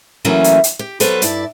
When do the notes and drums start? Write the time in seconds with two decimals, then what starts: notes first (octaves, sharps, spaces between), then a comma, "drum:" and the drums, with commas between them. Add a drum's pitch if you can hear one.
0.25 C#3 E3 F#3 A3 A#3 C#4
0.44 drum: hi-hat
0.64 drum: hi-hat
0.79 G4
1.00 F#3 G3 B3 A4 B4 C5, drum: hi-hat
1.22 G2 E4 D5, drum: hi-hat